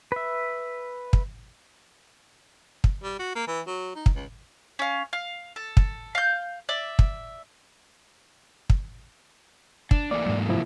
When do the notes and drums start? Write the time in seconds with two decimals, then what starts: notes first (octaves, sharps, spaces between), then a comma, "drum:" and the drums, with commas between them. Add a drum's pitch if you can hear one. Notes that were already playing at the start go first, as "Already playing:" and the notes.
0.12 B4 E5
1.13 drum: kick
2.84 drum: kick
3.03 G3
3.19 F#4
3.35 A#3
3.47 E3
3.67 F#3
3.96 D#4
4.06 drum: kick
4.15 C#2
4.79 C#4 F5
5.13 F5
5.56 A4
5.77 drum: kick
6.15 F5 G6
6.69 D5 E5
6.99 drum: kick
8.70 drum: kick
9.91 D4, drum: kick
10.11 E3 A3 A#3 D5
10.26 G#2 F#3
10.49 C3 F3 E4